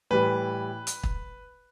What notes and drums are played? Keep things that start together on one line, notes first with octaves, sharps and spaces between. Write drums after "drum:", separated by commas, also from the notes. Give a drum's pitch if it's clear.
A2 E3 G3 B4
drum: hi-hat
drum: kick